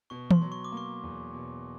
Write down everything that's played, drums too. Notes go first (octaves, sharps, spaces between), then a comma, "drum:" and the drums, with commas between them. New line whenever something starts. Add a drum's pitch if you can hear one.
B2 C#6
C6, drum: tom E3
F#3
C#6
D6
A#3 C#6
E2
B2